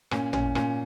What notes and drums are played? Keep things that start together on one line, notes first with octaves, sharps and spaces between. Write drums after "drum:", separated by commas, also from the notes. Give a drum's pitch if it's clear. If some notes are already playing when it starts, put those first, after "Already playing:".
A#2 C#4, drum: rim click
A#2 C#4, drum: tom
A#2 C#4, drum: rim click